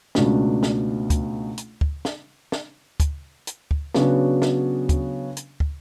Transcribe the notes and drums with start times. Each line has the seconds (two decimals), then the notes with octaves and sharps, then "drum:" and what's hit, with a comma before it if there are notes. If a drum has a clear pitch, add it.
0.15 C#2 B2 A3 D4, drum: snare
0.63 drum: snare
1.10 drum: kick, hi-hat
1.58 drum: hi-hat
1.81 drum: kick
2.05 drum: snare
2.52 drum: snare
3.00 drum: kick, hi-hat
3.47 drum: hi-hat
3.71 drum: kick
3.95 C#3 F#3 B3 D4 F#4, drum: snare
4.42 drum: snare
4.89 drum: kick, hi-hat
5.37 drum: hi-hat
5.60 drum: kick